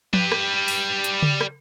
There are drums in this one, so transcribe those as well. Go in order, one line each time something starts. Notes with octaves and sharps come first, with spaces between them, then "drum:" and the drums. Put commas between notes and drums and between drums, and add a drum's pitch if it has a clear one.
G3 B4, drum: tom F3
drum: rim click
drum: open hi-hat
drum: hi-hat
drum: tom C#3
drum: rim click